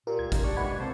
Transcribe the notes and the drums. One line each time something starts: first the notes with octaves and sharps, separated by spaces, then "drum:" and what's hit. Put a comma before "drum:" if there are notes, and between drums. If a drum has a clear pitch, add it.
A#2 F4 G4 A#4
C#2 G#6
F#2 D#4, drum: kick, hi-hat
C#2 D4 G4 D5 C#6
E3 G#3 F#5 B5 G#6
C3 A#3 C4 C5 A5